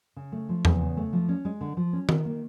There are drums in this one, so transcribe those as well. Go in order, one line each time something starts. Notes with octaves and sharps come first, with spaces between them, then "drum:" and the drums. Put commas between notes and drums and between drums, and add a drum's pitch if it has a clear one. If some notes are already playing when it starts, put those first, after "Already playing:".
C#3
A3
F3
E2, drum: tom E2
C#3
A3
F3
C#4
G#3
D3
F3
C#4
D#3, drum: tom D#3
A#3